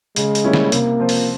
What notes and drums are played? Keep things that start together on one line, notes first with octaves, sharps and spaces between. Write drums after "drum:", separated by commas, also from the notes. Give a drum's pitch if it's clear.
C#3 G#3, drum: hi-hat
drum: hi-hat
G3 A#3 C#4 E4
drum: snare
C3 A#3, drum: hi-hat
F3 C4 F4 C5
drum: open hi-hat